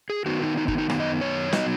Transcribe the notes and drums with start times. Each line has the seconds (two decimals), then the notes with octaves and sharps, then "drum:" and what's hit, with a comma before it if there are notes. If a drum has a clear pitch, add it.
0.10 G#4
0.26 D#3 B3 D#4 F#4
0.42 D#4
0.57 D#4
0.68 D#4, drum: kick
0.78 D#4
0.90 F#2 D#3 B3 D#4, drum: rim click
1.00 D#5
1.21 C#5
1.53 F#3 B3 D#4 D#5, drum: snare